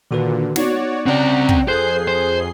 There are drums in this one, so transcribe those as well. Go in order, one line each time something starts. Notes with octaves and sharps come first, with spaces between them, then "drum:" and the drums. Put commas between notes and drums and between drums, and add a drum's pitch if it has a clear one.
A#2 D3 D#3 F#4 B4
B3 D#4 F#4 C#5 D5, drum: snare
C#3 C4 C#4 D5 F#5 G5 A#5
drum: kick
F2 G#4 A4 C5 F#6 G6 C7
C5